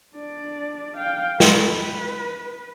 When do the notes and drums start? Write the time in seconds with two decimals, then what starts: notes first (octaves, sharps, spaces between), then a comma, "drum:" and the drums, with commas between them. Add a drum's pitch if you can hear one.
0.13 D4 D5
0.97 F5 G5
1.40 B4, drum: snare